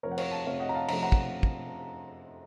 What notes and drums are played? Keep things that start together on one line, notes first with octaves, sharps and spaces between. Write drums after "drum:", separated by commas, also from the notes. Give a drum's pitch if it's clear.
F2 C3 F3 A3 A#4 C#5
F#5
C#5 F5, drum: cymbal
F5 A5
F2 C3 F3 A3 C#5 F5
D#5 F#5
A#5
F5 A5
F2 C3 F3 A3 A#5, drum: cymbal
F#5 A#5
drum: kick
drum: kick